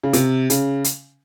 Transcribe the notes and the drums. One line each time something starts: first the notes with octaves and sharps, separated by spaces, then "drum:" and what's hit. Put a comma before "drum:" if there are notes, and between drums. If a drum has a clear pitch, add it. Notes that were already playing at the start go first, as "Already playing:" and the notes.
C#3
C3, drum: hi-hat
C#3, drum: hi-hat
drum: hi-hat